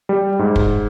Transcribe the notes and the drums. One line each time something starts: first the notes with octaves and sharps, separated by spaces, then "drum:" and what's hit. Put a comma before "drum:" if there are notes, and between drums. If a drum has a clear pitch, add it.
G3
G#2
drum: kick